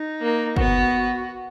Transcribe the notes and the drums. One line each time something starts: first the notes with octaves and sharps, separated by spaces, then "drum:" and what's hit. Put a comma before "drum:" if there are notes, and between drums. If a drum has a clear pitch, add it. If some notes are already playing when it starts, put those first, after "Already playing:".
Already playing: D#4
A#3
B3 F#4, drum: kick